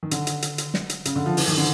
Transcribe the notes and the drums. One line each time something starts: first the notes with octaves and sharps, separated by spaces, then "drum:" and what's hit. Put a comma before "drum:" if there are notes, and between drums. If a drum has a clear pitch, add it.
D#3
D3, drum: hi-hat
drum: hi-hat
drum: hi-hat
drum: hi-hat
drum: snare
drum: hi-hat
C#3, drum: hi-hat
D3
F3
E3, drum: open hi-hat
D#3
D3